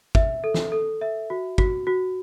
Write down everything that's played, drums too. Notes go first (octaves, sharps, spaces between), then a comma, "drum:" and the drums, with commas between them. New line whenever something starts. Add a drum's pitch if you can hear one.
E5, drum: kick G1
A4
drum: snare
A4
E5
F#4
F#4, drum: kick G1
F#4